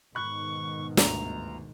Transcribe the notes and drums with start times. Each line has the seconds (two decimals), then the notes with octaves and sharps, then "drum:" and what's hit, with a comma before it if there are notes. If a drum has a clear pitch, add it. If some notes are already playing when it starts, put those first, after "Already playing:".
0.15 G#2 B2 D#3 B5 C#6 F#6
0.97 G1 D2 A#5, drum: snare